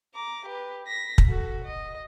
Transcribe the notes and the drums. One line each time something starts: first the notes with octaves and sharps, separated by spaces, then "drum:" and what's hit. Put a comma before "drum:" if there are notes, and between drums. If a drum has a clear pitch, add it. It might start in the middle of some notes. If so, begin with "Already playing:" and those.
A#5 D6
G4 B4
A#6 B6
drum: kick
F#4 A4
D#5